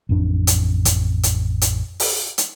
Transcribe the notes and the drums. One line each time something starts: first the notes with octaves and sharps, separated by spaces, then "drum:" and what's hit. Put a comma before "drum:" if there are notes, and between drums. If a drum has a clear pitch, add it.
A1 F2 D4
drum: hi-hat
drum: kick, hi-hat
drum: hi-hat
drum: hi-hat
drum: open hi-hat
drum: hi-hat